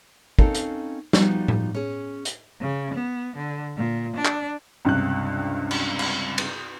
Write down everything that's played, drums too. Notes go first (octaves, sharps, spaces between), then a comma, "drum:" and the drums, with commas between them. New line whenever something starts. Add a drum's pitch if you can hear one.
C4 C#4 D#4 A4 A#4 F5, drum: kick
drum: hi-hat
F3 G3 B3 D#4 F#4, drum: snare
drum: tom A2
C#4 G#4
drum: hi-hat
C#3
B3
D3
A#2
D4
drum: clap
C#2 G2 C3 F#6
drum: cymbal
drum: cymbal
drum: cymbal